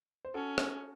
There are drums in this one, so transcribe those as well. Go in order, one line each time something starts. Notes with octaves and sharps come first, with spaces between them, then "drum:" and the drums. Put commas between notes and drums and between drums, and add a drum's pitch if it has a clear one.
C5
C#4 F#4 A4
drum: rim click